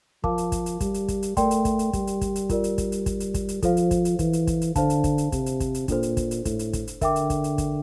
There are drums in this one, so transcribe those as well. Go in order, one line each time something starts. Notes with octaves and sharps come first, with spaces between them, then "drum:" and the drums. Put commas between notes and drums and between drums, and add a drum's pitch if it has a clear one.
F3 A#4 F5 A5 D6, drum: kick
drum: hi-hat
drum: kick, hi-hat
drum: hi-hat
G3, drum: kick, hi-hat
drum: hi-hat
drum: kick, hi-hat
drum: hi-hat
A3 A#4 D5 G5 C6, drum: kick, hi-hat
drum: hi-hat
drum: kick, hi-hat
drum: hi-hat
G3, drum: kick, hi-hat
drum: hi-hat
drum: kick, hi-hat
drum: hi-hat
F4 A#4 D5, drum: kick, hi-hat
drum: hi-hat
drum: kick, hi-hat
drum: hi-hat
drum: kick, hi-hat
drum: hi-hat
drum: kick, hi-hat
drum: hi-hat
F3 A4 C5 F5, drum: kick, hi-hat
drum: hi-hat
drum: kick, hi-hat
drum: hi-hat
E3, drum: kick, hi-hat
drum: hi-hat
drum: kick, hi-hat
drum: hi-hat
D3 C5 F5 A5, drum: kick, hi-hat
drum: hi-hat
drum: kick, hi-hat
drum: hi-hat
C3, drum: kick, hi-hat
drum: hi-hat
drum: kick, hi-hat
drum: hi-hat
A#2 D4 A4 C5, drum: kick, hi-hat
drum: hi-hat
drum: kick, hi-hat
drum: hi-hat
A2, drum: kick, hi-hat
drum: hi-hat
drum: kick, hi-hat
drum: hi-hat
D3 A#4 E5 G5 D6, drum: kick, hi-hat
drum: hi-hat
drum: kick, hi-hat
drum: hi-hat
drum: kick, hi-hat